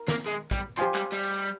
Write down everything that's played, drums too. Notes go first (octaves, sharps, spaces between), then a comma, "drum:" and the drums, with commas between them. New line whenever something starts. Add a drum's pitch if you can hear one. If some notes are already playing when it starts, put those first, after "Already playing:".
Already playing: A#4
A#3, drum: snare
G#3
G3, drum: kick A#1
F3 G4 C5 F5 G#5 C6
G3, drum: clap
G3